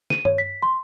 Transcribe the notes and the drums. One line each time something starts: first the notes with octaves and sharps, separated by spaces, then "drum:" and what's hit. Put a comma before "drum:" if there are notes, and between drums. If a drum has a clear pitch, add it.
D#7, drum: snare
C#5, drum: tom G2
B6
C6